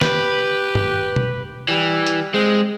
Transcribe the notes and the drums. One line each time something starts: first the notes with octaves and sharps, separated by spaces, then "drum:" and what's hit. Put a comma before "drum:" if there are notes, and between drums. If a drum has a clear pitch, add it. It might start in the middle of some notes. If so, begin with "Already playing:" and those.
G4 B4, drum: snare
drum: tom
drum: tom
E3 G3
drum: hi-hat
G#3 C4